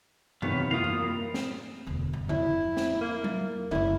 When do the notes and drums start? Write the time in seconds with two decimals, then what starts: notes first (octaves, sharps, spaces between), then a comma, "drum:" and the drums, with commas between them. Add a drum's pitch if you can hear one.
0.42 E2 C3 D#3 F4 B4 C#5, drum: tom F#2
0.71 E3 A#3 F4 F5 D#6
0.84 A#3, drum: tom F#2
0.99 G3
1.34 drum: snare
1.87 E1 D2
2.13 G2
2.29 F2 E4, drum: tom C#3
2.77 drum: snare
3.01 A#3
3.24 drum: tom F#3
3.71 F#1 A3 E4, drum: tom C#3